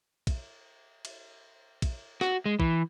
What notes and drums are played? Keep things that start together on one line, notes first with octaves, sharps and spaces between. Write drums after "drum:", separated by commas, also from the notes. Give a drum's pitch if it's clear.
drum: kick, cymbal
drum: cymbal
drum: kick, cymbal
F#4, drum: rim click
G#3
E3, drum: kick